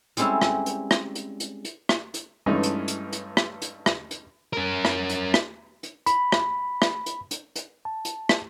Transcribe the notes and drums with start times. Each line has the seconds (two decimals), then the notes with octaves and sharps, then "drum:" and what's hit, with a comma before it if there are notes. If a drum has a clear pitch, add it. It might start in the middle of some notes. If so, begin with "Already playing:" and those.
0.17 G3 G#3 C4 C#4 E4 A4, drum: hi-hat
0.42 drum: rim click
0.66 drum: hi-hat
0.91 drum: rim click
1.15 drum: hi-hat
1.40 drum: hi-hat
1.65 drum: hi-hat
1.89 drum: rim click
2.14 drum: hi-hat
2.46 G2 E3 G#3 A3 C#4 D#4
2.63 drum: hi-hat
2.88 drum: hi-hat
3.12 drum: hi-hat
3.37 drum: rim click
3.62 drum: hi-hat
3.86 drum: rim click
4.11 drum: hi-hat
4.53 C#4 A#4
4.85 drum: rim click
5.09 drum: hi-hat
5.34 drum: rim click
5.83 drum: hi-hat
6.06 B5, drum: hi-hat
6.32 drum: rim click
6.82 drum: rim click
7.06 drum: hi-hat
7.31 drum: hi-hat
7.56 drum: hi-hat
7.85 A5
8.05 drum: hi-hat
8.29 drum: rim click